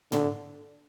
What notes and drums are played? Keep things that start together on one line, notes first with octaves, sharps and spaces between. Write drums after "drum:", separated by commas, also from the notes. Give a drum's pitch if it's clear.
D3, drum: tom